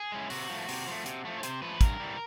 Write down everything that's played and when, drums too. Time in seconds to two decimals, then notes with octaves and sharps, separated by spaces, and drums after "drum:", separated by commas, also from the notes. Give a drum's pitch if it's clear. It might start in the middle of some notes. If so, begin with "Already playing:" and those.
Already playing: G#4
0.12 G#3 C#4 E4
0.30 C3 F#4, drum: open hi-hat
0.49 F3 A3
0.69 C3, drum: open hi-hat
0.87 F3 A3
1.06 C3, drum: hi-hat
1.25 F3 A3
1.38 C#5
1.43 C3 C5, drum: hi-hat
1.62 F3 A3 B4
1.81 G2 A#4, drum: kick, hi-hat
2.00 E3 G3